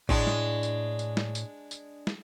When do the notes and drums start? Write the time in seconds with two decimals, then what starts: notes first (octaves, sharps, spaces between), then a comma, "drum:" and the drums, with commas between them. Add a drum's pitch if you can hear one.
0.09 A2 G#3 D4, drum: kick G#1
0.27 drum: snare
0.63 drum: tambourine
0.99 drum: tambourine
1.17 drum: snare
1.35 drum: tambourine
1.71 drum: tambourine
2.07 drum: snare